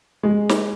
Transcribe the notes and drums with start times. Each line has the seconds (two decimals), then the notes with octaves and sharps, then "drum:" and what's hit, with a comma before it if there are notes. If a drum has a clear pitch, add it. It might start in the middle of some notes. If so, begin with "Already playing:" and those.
0.23 G#3
0.49 drum: snare